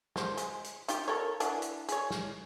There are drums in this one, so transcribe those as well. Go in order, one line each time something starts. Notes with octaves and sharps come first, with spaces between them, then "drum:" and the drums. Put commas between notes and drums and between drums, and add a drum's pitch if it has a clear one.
F#3 C5, drum: snare
G#3, drum: hi-hat
drum: hi-hat
D#4 F4 G4, drum: hi-hat
A4 A#4 C#5
E3 D4 F#4, drum: hi-hat
drum: hi-hat
G#4 C#5, drum: hi-hat
drum: snare